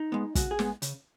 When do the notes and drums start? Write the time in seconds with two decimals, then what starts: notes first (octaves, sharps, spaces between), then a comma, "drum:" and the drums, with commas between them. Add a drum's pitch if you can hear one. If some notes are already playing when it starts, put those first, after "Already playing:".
Already playing: D#4
0.12 G#3 B3
0.35 C#3 F#4, drum: kick, hi-hat
0.51 G#4
0.59 G#3 B3, drum: snare
0.82 C#3, drum: hi-hat